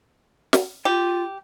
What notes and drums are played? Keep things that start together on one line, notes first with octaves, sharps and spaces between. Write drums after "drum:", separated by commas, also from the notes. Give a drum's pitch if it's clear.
drum: snare
F4 G4